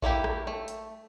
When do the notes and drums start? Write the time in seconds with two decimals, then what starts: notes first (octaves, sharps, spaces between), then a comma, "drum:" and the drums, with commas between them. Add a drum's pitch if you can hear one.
0.02 A3 A#3 E4 G4, drum: kick A1
0.24 drum: rim click
0.47 A3
0.68 drum: hi-hat